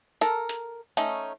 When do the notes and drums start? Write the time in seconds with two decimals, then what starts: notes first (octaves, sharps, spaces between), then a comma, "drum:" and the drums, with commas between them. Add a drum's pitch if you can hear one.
0.21 A4 A#4, drum: hi-hat
0.49 drum: hi-hat
0.97 A3 C#4 D#4, drum: hi-hat